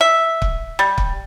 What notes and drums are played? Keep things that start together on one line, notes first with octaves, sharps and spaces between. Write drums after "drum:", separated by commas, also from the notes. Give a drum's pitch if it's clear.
E5
drum: kick
G3
drum: kick